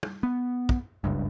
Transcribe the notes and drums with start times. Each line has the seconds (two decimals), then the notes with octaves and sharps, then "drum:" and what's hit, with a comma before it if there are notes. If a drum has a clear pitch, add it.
0.03 drum: tom
0.23 B3
0.69 drum: kick
1.04 F#1 C#2 G2